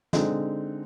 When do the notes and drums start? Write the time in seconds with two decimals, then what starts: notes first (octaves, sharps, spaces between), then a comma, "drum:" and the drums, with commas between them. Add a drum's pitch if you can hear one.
0.13 D3 G#3 C4 D#4, drum: snare